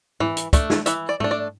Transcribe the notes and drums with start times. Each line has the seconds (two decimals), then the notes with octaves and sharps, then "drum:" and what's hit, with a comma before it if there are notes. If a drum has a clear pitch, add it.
0.20 E3, drum: tom G#2
0.37 drum: hi-hat
0.53 A3 D4, drum: kick, hi-hat
0.70 drum: snare
0.86 E3 E5, drum: hi-hat
1.09 D5
1.20 A3 D4, drum: tom G#2
1.31 D5